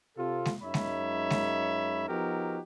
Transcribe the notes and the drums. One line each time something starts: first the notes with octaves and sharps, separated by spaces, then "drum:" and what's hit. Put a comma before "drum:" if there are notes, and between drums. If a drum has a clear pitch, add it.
C3 F4 A4
drum: snare G#3
F#2 G#3 D#4 C#5 E5 B5
drum: snare G#3
drum: snare G#3
F3 B3 D#4 F#4 G4 A#4